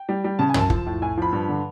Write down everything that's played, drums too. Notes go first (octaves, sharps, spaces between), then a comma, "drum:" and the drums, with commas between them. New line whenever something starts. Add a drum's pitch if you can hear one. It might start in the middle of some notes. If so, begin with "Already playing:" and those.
Already playing: G5
G3
G3
C#3 A5
G#5
F#2 A5, drum: tom
F3, drum: kick
A2
A2 G#5
F3 B5
G2
D3